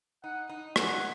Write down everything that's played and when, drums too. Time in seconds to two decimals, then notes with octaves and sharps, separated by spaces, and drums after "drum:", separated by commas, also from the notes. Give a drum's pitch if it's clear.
0.24 D#4 F#5
0.49 D#4
0.76 G#3 F#5, drum: rim click